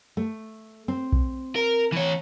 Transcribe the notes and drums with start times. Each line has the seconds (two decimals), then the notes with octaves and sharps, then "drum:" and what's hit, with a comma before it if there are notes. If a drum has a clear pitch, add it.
0.17 A3
0.88 C4
1.13 drum: kick B1
1.56 A#4
1.92 E3 C#5